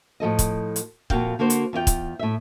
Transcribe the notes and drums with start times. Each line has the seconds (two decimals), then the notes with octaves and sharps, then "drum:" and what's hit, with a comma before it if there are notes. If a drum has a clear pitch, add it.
0.20 A2 F3 A4 D#5
0.39 drum: kick, hi-hat
0.76 drum: hi-hat
1.10 F2 A#2 A#3 F#4 F5 G5, drum: kick
1.39 D3 A#3 F#4 C5
1.50 drum: hi-hat
1.73 E2 F4 C#5 G5
1.87 drum: kick, hi-hat
2.19 A2 E5